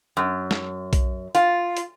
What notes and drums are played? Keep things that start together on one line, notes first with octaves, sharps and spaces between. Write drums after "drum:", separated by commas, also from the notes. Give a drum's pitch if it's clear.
F#2
drum: snare
drum: kick B1, hi-hat
F4, drum: hi-hat
drum: hi-hat